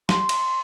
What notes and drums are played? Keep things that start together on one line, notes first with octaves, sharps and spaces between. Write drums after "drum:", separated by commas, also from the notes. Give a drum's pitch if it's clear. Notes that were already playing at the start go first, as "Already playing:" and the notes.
C6, drum: snare
drum: cymbal